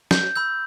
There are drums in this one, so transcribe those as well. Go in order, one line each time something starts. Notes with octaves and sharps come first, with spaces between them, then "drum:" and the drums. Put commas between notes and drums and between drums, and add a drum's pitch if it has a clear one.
G6, drum: snare
B5 E6 G6